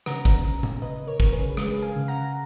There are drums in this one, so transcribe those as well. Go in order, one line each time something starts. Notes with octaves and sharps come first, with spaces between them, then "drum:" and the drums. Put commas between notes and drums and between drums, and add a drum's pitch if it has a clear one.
C#3 F#5 A#5, drum: rim click
drum: kick, hi-hat
C#3
drum: tom A#2
C#3 B4 D#5
A#4 C#5
C#3, drum: kick
G#4 B4
G#3 G#4 B4, drum: rim click
F5 G#5
C#3
F#5 A#5